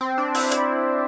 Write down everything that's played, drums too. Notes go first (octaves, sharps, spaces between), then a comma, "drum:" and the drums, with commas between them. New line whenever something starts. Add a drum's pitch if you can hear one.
C4
D4
E4, drum: open hi-hat
E4, drum: hi-hat